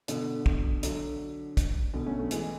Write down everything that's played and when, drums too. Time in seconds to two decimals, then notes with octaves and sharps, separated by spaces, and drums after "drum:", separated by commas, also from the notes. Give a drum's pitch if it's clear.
0.08 B2 D3, drum: hi-hat
0.46 drum: kick
0.83 D3 F#3, drum: hi-hat
1.57 drum: kick, hi-hat
1.94 B2 D3
2.06 A3 C#4
2.19 F#3 A3
2.31 E3 G#3, drum: hi-hat